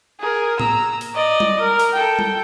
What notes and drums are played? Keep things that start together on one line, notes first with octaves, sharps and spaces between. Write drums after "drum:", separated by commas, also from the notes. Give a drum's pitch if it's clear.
G#4 A#4
A#5 E6, drum: tom A2
drum: open hi-hat
D5 D#5
drum: tom
A#4
drum: open hi-hat
A4 G5
drum: tom